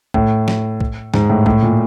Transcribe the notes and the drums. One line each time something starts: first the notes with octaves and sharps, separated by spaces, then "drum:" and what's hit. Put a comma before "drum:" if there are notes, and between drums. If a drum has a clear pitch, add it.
A2, drum: kick B1
drum: snare
drum: kick B1
G#2, drum: snare
A2
A2, drum: kick B1
A#2